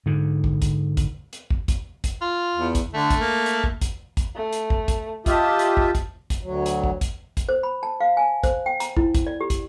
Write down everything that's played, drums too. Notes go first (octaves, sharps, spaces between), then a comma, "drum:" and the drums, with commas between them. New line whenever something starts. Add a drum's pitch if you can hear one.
G#2 D3
drum: kick
drum: kick, hi-hat
drum: kick, hi-hat
drum: hi-hat
drum: kick
drum: kick, hi-hat
drum: kick, hi-hat
F4
E2
drum: kick, hi-hat
D3 A3
drum: kick, hi-hat
A#3
drum: hi-hat
drum: kick
drum: kick, hi-hat
drum: kick, hi-hat
A3
drum: hi-hat
drum: kick
drum: kick, hi-hat
F4 G4 D#5 E5 A5, drum: kick, hi-hat
drum: hi-hat
drum: kick
drum: kick, hi-hat
drum: kick, hi-hat
D2 F#3
drum: hi-hat
drum: kick
drum: kick, hi-hat
drum: kick, hi-hat
C5
B5
A5
F5
G#5
C5, drum: kick, hi-hat
G5
A#5, drum: hi-hat
E4, drum: kick
drum: kick, hi-hat
D5
G4
drum: kick, hi-hat